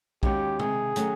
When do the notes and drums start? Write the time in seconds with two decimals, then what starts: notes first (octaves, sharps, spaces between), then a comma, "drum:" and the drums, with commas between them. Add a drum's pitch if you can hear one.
0.23 D#2 D#3 G#3 C#4 F#4 G4, drum: kick
0.59 C3 D#3 G#3 C4 G#4, drum: tom C3
0.96 D#3 F#3 A3 C#4, drum: hi-hat